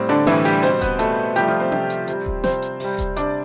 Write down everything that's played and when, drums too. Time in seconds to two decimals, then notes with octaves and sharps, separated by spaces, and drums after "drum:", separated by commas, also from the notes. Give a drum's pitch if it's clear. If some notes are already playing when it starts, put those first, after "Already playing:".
Already playing: A2 G3 C4
0.09 D3 D4
0.27 A2 E3 G3 E4, drum: snare
0.45 G3 G4, drum: hi-hat
0.63 B2 G3 C4 C5, drum: open hi-hat
0.81 B3 B4, drum: kick D#1, hi-hat
0.99 B2 G3 A3 A4, drum: hi-hat
1.36 C3 F3 G3 A3 G4, drum: hi-hat
1.48 F3 F4
1.60 C4 C5
1.72 C3 F3 A3, drum: tom C#4
1.90 drum: hi-hat
2.07 C3 G3, drum: hi-hat
2.26 drum: kick D#1
2.44 C3 G3 C4 C5, drum: snare
2.62 drum: hi-hat
2.80 C3 G3, drum: open hi-hat
2.98 drum: kick D#1, hi-hat
3.16 C3 G3 D4 D5, drum: hi-hat